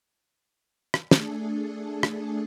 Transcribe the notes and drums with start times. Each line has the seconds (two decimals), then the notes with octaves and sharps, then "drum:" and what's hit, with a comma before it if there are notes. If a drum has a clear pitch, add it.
0.94 drum: rim click
1.11 A3 D4 G#4 A4, drum: snare
2.03 drum: rim click